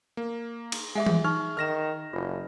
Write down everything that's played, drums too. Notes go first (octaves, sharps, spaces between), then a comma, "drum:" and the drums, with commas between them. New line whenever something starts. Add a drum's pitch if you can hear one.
A#3
drum: cymbal
G#3 G#4 E5 G#5
drum: tom E3
D#4 C#6 F6
D#3 F6 A#6 E7
F#1 F4